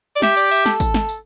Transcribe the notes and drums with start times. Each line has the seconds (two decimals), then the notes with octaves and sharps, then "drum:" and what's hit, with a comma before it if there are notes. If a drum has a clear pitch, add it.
0.16 D5
0.22 G4 E5, drum: snare
0.37 D5, drum: tambourine
0.51 E5, drum: tambourine
0.66 A4, drum: snare
0.80 drum: kick, tambourine
0.94 drum: snare
1.09 drum: tambourine